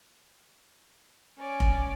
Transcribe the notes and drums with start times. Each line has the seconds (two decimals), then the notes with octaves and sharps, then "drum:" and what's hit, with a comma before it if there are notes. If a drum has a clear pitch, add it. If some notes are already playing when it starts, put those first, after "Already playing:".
1.38 C#4 C#5 D5 G#5
1.60 drum: kick F1